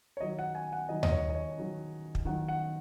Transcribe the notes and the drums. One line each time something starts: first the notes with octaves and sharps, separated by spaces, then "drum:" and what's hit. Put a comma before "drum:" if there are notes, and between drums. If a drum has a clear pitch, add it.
C#5
D#3 F#3 D#4 D#5
F#5
G#5
F#5
D#3 F#3 D#4 D#5
D#5, drum: tom D#2
C#5
D#5
C#5
D#3 F#3 D#4
drum: kick
D#3 F#3 D#4 F#5
F#5